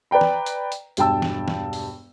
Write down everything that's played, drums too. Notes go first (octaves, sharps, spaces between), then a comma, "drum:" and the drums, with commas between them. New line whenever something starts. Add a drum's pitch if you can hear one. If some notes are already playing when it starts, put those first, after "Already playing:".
B4 D5 G5 A#5
drum: snare
drum: hi-hat
drum: hi-hat
E1 G2 G5 A5 E6, drum: hi-hat
drum: snare
drum: snare
drum: open hi-hat